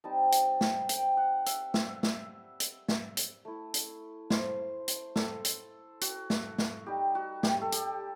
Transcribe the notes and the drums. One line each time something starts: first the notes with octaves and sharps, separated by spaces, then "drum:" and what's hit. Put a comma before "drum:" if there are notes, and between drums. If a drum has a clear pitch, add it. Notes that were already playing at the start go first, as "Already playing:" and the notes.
G3 C4 D#4 A5
drum: hi-hat
drum: snare
G5, drum: hi-hat
F#5
E5, drum: hi-hat
E5, drum: snare
drum: snare
drum: hi-hat
drum: snare
drum: hi-hat
A3 E4
drum: hi-hat
C5, drum: snare
drum: hi-hat
A4, drum: snare
drum: hi-hat
F#4, drum: hi-hat
drum: snare
drum: snare
G3 D#4 G4
F#4
G4, drum: snare
A4
G4, drum: hi-hat